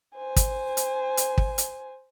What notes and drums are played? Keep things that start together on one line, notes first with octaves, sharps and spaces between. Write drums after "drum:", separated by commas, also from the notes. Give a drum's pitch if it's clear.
C5 G#5
drum: kick, hi-hat
drum: hi-hat
drum: hi-hat
drum: kick
drum: hi-hat